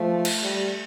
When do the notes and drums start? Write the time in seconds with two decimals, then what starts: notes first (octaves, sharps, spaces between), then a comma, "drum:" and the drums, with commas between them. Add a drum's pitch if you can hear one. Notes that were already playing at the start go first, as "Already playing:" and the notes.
Already playing: F3 A3
0.25 drum: cymbal
0.43 G3